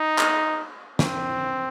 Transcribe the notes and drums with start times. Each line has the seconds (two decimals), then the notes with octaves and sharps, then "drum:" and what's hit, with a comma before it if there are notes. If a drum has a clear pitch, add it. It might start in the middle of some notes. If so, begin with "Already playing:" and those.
Already playing: D#4
0.19 drum: clap
0.99 C4, drum: snare